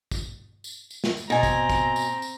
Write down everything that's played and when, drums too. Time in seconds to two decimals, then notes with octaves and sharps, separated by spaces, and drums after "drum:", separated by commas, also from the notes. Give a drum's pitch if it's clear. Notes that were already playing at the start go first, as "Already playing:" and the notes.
0.11 drum: kick, tambourine
0.64 drum: tambourine
0.90 drum: tambourine
1.04 drum: snare
1.17 drum: tambourine
1.30 B2 C4 G#5 A#5
1.43 drum: kick, tambourine
1.70 drum: kick, tambourine
1.96 drum: tambourine
2.22 drum: tambourine